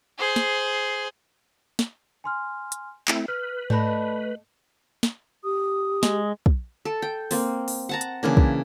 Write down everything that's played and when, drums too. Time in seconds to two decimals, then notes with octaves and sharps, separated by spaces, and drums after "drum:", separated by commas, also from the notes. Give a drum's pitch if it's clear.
0.19 G#4 C5
0.36 drum: snare
1.79 drum: snare
2.24 G#5 C6 F6
2.72 drum: hi-hat
3.08 A3 C4 E4, drum: clap
3.28 B4 F6
3.70 A3 D5 D#5 A5 B5, drum: tom G#2
5.03 drum: snare
5.44 G4 D#6
6.03 G#3, drum: snare
6.46 drum: kick
6.85 A4
7.02 G5
7.31 A#3 C4, drum: open hi-hat
7.68 drum: open hi-hat
7.89 F#5 A5 A#5
8.01 drum: hi-hat
8.23 C#3 E3 A#3 D4
8.37 drum: kick